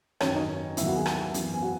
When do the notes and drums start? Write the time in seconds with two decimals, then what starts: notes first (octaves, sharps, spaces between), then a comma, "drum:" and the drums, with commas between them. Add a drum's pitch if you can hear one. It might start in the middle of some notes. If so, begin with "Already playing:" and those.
0.21 F#2 D#3 F#3 C#4 C#5, drum: rim click
0.35 D#4 D#5
0.77 D#2 D#3 F#3 B3 E4 E5, drum: hi-hat
0.86 F#4 F#5
0.96 G#4 G#5
1.06 drum: rim click
1.34 F#2 E3 B3, drum: hi-hat
1.54 G#5
1.62 F#4 F#5